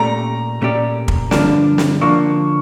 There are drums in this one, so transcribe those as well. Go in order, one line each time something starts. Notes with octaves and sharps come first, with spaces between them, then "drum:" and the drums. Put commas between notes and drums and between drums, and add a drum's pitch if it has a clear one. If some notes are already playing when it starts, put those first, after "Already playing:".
Already playing: A#2 A3 C#4 G4 D5 A#5
A#2 A3 C#4 G4 D5
drum: kick
G2 D3 F3 A#3 D4, drum: snare
drum: snare
D3 F3 A#3 D4 C#6